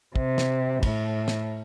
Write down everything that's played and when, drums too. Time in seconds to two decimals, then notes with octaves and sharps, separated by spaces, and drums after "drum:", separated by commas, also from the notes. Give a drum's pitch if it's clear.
0.16 C3, drum: kick
0.38 drum: snare
0.83 A2, drum: kick, cymbal
1.28 drum: snare